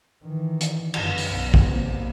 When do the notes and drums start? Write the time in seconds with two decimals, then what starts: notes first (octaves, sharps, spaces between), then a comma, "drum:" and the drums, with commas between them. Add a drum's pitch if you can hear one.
0.24 D#3 E3
0.61 drum: hi-hat
0.94 G1 F#2, drum: cymbal
1.18 drum: open hi-hat
1.30 B1
1.54 drum: kick A1
1.67 C3 A#3